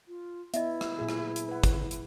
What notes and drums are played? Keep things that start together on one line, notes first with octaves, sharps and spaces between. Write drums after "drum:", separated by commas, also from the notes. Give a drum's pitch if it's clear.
F4
B3 E4 D#5 E5, drum: hi-hat
drum: rim click
A#2 F#3 G#4
drum: rim click
drum: hi-hat
B4 F#5
drum: kick, hi-hat
drum: hi-hat